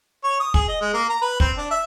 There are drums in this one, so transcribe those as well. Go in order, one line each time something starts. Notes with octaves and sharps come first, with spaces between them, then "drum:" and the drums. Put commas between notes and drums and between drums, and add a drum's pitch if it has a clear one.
C#5
D#6
G#4, drum: kick
D#5
G#3
A#3
A#5
B4
C4, drum: kick
D4
E5